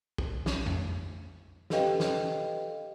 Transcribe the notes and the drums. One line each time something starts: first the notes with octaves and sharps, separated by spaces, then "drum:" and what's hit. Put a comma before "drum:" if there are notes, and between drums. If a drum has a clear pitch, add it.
drum: kick A#1
drum: snare
drum: tom F2
G4 A4 B4 D#5 F5 G5, drum: snare
drum: snare